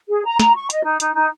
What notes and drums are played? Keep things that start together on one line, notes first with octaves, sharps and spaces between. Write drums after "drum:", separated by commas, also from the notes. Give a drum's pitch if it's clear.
G#4
A#5
A#5, drum: snare
C#6
D#5, drum: hi-hat
D#4
D#4, drum: hi-hat
D#4